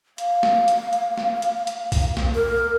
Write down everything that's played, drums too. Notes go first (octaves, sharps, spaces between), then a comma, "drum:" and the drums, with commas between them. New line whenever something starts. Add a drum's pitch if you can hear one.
F5, drum: hi-hat
drum: snare
drum: hi-hat
drum: hi-hat
drum: snare
drum: hi-hat
drum: hi-hat
drum: kick B1, open hi-hat
drum: snare
A#4